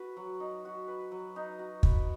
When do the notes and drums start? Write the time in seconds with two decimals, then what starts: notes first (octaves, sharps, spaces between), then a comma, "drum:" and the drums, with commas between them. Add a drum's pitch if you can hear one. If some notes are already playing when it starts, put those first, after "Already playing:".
Already playing: F#4 B4
0.17 F#3
0.40 D#4
0.65 F#4
0.88 B4
1.12 F#3
1.36 D#4
1.59 F#4
1.83 B4, drum: kick